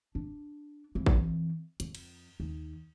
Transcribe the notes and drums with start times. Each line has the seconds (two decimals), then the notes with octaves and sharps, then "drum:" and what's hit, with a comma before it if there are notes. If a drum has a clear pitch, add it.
0.15 D4
0.95 F2 E3
1.06 drum: kick A1
1.80 F2, drum: hi-hat
1.95 drum: cymbal
2.40 D#2